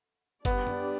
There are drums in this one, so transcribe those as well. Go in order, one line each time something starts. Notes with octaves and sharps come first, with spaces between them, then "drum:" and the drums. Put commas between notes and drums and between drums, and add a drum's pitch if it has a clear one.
G3 B3 D4 G4 D5, drum: kick F#1, hi-hat
drum: tom F#2